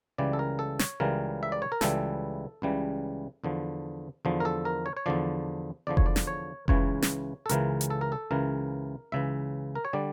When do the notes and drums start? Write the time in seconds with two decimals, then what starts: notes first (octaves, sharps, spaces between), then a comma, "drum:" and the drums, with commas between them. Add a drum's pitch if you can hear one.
0.18 C#2 C#3 E3 G3 D5
0.33 A4
0.39 A#4
0.59 A4
0.79 C#5, drum: snare
1.00 C#2 C#3 E3 G3 A#4
1.43 E5
1.52 D5
1.62 C#5
1.72 A#4
1.81 C#2 C#3 E3 G3 A4, drum: snare
2.62 C#2 C#3 E3 G3
3.44 E2 D3 F3
4.25 E2 D3 F3
4.40 A#4
4.45 A4
4.65 A#4
4.86 C#5
4.97 C#5
5.06 E2 D3 F3 D5
5.87 E2 D3 F3 D5
5.97 C#5, drum: kick F1
6.06 D5
6.16 drum: snare
6.27 C#5
6.68 C#2 C#3 E3 C#5, drum: kick F1
7.02 drum: snare
7.46 A4
7.49 C#2 C#3 E3 A#4, drum: hi-hat
7.81 drum: hi-hat
7.90 A4
8.01 A#4
8.12 A4
8.31 C#2 C#3 E3 A#4
9.12 C#2 C#3 E3 E5
9.75 A#4
9.85 C#5
9.93 D3 G3 D5